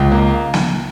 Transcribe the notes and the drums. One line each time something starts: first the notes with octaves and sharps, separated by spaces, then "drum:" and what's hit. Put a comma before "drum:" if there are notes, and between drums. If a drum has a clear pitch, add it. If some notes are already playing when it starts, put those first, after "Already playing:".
Already playing: C#2
A#3
drum: snare